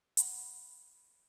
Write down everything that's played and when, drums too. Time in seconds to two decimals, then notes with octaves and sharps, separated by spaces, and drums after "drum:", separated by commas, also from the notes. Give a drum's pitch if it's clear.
0.17 F#5 B5, drum: hi-hat